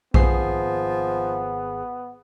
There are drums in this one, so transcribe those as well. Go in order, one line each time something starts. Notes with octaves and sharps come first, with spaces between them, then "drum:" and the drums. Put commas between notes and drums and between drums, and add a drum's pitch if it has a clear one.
G#1 F3 B3 G#4 C7, drum: kick A#1